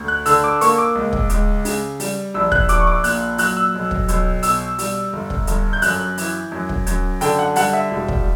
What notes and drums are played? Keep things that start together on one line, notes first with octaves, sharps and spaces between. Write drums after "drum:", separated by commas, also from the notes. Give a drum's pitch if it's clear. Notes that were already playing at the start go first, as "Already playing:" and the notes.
Already playing: D2
F#6
D3 E6, drum: open hi-hat
D6
A#3 C#6, drum: open hi-hat
D6
C#2
drum: kick
C#2, drum: hi-hat
C#3, drum: open hi-hat
G3, drum: open hi-hat
A#1 E6
F#6, drum: kick
A#1 D6, drum: hi-hat
C#6
D6
A#2 F#6, drum: open hi-hat
F#3 F#6, drum: open hi-hat
E6
B1
drum: kick
B1, drum: hi-hat
B2 E6, drum: open hi-hat
G3, drum: open hi-hat
G1
drum: kick
G1, drum: hi-hat
G6
F#2 F#6, drum: open hi-hat
E3, drum: open hi-hat
F#2
drum: kick
F#2, drum: hi-hat
D3 G5, drum: open hi-hat
F#5
G3 F#5, drum: open hi-hat
E5
E1
drum: kick